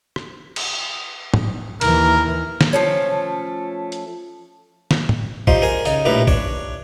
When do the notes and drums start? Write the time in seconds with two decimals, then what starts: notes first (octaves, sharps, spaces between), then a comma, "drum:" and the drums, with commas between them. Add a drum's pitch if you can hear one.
0.16 drum: rim click
0.56 drum: cymbal
1.34 drum: tom
1.81 D#2 E3 A#4, drum: cymbal
2.61 drum: snare
2.73 F3 A3 C#4
3.92 drum: hi-hat
4.91 drum: snare
5.09 drum: tom
5.47 F3 G3 D#4 C6, drum: kick
5.62 G#4 A#4 G#5
5.85 C#3 D#4, drum: tambourine
6.05 A#1 A2 G3 B4 A#5
6.27 D4 C#5, drum: kick